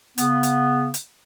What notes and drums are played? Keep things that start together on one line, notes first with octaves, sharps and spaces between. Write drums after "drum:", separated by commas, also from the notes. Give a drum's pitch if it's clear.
C#3 B3, drum: hi-hat
drum: hi-hat
drum: hi-hat